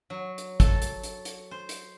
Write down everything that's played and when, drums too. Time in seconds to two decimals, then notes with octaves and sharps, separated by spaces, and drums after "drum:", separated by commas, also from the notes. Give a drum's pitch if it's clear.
0.10 F#3
0.38 drum: hi-hat
0.60 A4, drum: kick, hi-hat
0.82 drum: hi-hat
1.04 drum: hi-hat
1.25 drum: hi-hat
1.51 C5
1.69 drum: hi-hat